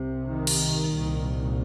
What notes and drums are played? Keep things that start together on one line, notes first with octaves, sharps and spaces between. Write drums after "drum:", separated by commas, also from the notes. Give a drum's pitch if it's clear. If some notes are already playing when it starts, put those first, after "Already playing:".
Already playing: C2 C3
D#3
drum: cymbal
C2 A#2